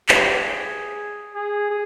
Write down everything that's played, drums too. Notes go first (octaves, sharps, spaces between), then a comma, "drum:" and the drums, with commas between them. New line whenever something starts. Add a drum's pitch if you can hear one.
G4, drum: clap
G#4
G#4
G#4